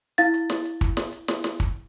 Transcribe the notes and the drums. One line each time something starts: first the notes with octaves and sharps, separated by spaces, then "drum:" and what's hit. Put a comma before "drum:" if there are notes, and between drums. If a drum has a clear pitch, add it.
E4 F5 A6, drum: hi-hat
drum: hi-hat
drum: snare
drum: hi-hat
drum: kick, hi-hat
drum: snare
drum: hi-hat
drum: snare
drum: snare
drum: kick, hi-hat